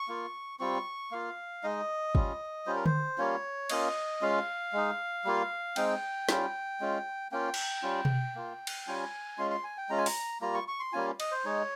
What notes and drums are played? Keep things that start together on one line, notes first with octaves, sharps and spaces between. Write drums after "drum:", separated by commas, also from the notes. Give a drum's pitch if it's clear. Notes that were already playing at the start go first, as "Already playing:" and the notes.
Already playing: C#6
A#3 F4
G3 C4 F4 C#6
A#3 F4 F5
G#3 D#4 D#5
G3 C#4 F4, drum: kick
G3 C#4 F4 C5
A#4
C5, drum: tom D3
G3 A#3 C#4 F4 C#5
A#3 C#4 F4 D#5, drum: cymbal
G#3 C#4 F4 F5
G#3 D#4
G3 A#3 F4
G#3 C4 D#4 G5, drum: cymbal
G3 C#4 F4, drum: snare
G#3 C#4 F4
A#3 C#4 F4 G5
drum: cymbal
G3 C#4 F4
drum: tom B2
A#3 F4
drum: cymbal
G3 C#4 F4 G#5
G#3 C#4 F4 C6
C6
G#5
G5
G#3 C#4 F4 A#5
G#5
A#5, drum: open hi-hat
G3 A#3 F4 A#5
C#6
C#6
C6
G3 A#3 C#4 F4 G#5
D#5, drum: cymbal
C5
G#3 D#4 C#5